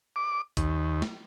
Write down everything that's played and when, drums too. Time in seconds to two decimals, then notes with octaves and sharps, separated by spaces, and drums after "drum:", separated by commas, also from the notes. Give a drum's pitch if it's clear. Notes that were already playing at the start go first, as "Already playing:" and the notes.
0.16 D6
0.57 D#2, drum: kick A#1, hi-hat
1.02 drum: snare